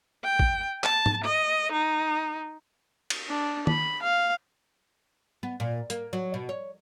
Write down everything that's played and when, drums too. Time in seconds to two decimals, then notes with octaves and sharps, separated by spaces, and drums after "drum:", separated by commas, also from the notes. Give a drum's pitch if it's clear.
0.24 G5
0.39 drum: kick
0.84 A5, drum: clap
1.06 drum: tom G#2
1.24 D#5
1.72 D#4
3.10 drum: cymbal
3.28 D4
3.67 B5, drum: tom
4.02 F5
5.43 B3
5.60 A#2
5.90 A#3, drum: hi-hat
6.13 F#3
6.34 B2
6.49 C#5